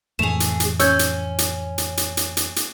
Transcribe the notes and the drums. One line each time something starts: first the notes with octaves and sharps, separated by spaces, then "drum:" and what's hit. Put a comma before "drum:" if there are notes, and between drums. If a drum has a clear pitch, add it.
F2 A2 E3 A3 G#4 E7 F7
drum: hi-hat
drum: hi-hat
C#4 C#5 E6 G6 G#6, drum: hi-hat
drum: hi-hat
drum: hi-hat
drum: hi-hat
drum: hi-hat
drum: hi-hat
drum: hi-hat
drum: hi-hat